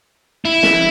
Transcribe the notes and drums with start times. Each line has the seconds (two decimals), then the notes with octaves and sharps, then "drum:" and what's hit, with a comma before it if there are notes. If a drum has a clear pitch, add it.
0.45 E4
0.63 drum: snare